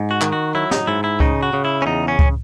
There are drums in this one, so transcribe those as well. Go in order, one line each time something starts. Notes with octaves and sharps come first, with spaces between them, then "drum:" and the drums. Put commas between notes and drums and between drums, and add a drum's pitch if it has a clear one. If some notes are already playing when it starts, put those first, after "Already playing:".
Already playing: G#2
F#4
D#3, drum: clap
F#4
F#3 E4
D#4, drum: snare
G#2 E4
E4
C#3 D#4, drum: kick C#2
F#4
C#3
E4
C#4
E2 D#4
C#4
drum: kick C#2